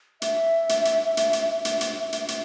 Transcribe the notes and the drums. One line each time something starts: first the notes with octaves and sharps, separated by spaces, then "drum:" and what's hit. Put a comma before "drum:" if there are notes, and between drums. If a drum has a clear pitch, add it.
E5, drum: hi-hat
drum: hi-hat
drum: hi-hat
drum: hi-hat
drum: hi-hat
E5
drum: hi-hat
drum: hi-hat
drum: hi-hat
drum: hi-hat